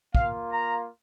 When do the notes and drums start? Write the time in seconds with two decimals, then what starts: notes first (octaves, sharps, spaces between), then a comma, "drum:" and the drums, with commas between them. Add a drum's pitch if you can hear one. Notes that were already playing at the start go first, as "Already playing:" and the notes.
0.15 A#3 F4 F5, drum: kick
0.52 A#5